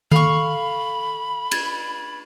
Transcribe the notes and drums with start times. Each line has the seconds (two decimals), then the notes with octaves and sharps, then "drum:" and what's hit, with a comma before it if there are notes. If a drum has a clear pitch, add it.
0.11 A4 F5 B5 C#6, drum: tom D#3
1.51 G#6 A6, drum: cymbal